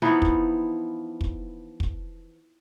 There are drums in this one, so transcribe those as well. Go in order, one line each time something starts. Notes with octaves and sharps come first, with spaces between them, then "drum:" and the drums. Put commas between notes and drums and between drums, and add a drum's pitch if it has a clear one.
E3 F3 B3 D#4
drum: kick
drum: kick
drum: kick